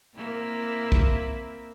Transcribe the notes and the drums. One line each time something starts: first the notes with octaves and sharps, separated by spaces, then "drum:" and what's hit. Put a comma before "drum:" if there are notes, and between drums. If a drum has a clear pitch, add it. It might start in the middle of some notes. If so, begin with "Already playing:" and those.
A#3 C4 E4
drum: kick